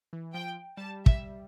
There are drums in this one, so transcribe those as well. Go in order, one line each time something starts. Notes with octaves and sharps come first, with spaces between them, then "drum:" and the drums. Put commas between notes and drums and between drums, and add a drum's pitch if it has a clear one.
E3
F3 G5
G3 A5
E5, drum: kick